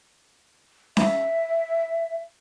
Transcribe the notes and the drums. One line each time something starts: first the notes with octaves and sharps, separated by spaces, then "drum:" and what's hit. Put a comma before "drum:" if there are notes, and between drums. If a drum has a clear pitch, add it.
E5, drum: snare C#4